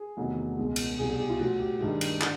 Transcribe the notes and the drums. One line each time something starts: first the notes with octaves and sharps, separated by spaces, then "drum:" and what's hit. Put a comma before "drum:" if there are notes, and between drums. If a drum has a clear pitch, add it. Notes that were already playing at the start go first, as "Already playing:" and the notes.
Already playing: G#4
E2 C3 D#3 F#3 A3
C#2 B2 G#3
drum: cymbal
C2 B2 G3 G#4
G#4
G4
F4
A#2 F#3 A3 F#4
G4
G2 D#3 G#3
drum: cymbal
D3, drum: clap